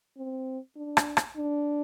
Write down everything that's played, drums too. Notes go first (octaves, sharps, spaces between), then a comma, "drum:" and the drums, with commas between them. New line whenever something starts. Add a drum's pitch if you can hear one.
C4
D4
drum: rim click
drum: rim click
D4